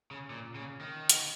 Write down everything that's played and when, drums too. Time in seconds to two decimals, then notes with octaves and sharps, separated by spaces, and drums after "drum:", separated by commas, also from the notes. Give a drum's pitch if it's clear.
0.11 C#3
0.30 A#2
0.55 C#3
0.81 D#3
1.09 drum: hi-hat